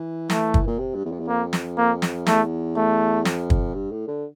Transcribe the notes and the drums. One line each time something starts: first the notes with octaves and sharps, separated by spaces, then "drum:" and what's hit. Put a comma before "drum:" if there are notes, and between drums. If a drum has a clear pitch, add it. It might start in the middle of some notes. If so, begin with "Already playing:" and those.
Already playing: E3
A3, drum: snare
drum: kick
A#2
C3
G2
E2
F2
E2
F2 A#3
drum: snare
A#3
drum: snare
E2 A3, drum: snare
A3
F2, drum: snare
drum: kick
G2
A2
D3